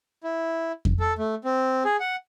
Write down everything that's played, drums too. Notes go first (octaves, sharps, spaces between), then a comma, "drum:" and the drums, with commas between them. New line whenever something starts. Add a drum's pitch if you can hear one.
E4
drum: kick F2
A4
A3
C4
G#4
F#5